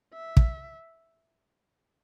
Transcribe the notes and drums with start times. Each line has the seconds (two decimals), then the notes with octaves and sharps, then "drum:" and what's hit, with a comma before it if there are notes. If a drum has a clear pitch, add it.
0.14 E5
0.37 drum: kick